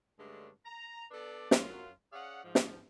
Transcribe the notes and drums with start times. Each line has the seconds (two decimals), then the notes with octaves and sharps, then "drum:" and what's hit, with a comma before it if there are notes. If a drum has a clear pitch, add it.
0.19 G2 D3 G#3 A3 C#4 D4
0.66 A#5
1.11 B3 D4 A4 B4 D5
1.51 F#2 F#3 F4, drum: snare
2.13 C#4 G#4 D5 F5 F#5
2.44 G#2 F3
2.55 drum: snare